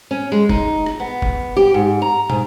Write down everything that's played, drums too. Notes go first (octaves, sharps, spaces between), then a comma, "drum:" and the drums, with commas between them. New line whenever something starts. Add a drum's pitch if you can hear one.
C#4
G#3
D#4, drum: kick F1
drum: rim click
B3
drum: kick F1
G4
G#2
A#5
G#2, drum: tom